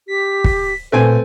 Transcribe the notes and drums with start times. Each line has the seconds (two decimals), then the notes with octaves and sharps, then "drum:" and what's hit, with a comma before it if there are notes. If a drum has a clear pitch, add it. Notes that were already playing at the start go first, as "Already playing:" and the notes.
0.08 G4 B6
0.44 drum: kick
0.92 A#2 A3 C4 B4 G#5